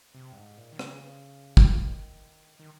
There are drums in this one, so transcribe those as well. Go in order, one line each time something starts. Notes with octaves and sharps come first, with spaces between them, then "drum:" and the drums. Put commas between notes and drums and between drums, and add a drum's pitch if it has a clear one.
C3
G2
G#2
A#2
D#3
C#3, drum: rim click
drum: kick
D#3
D#3